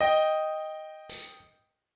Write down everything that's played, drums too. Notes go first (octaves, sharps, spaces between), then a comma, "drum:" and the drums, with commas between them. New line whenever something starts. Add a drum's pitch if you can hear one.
D#5 G5
drum: tambourine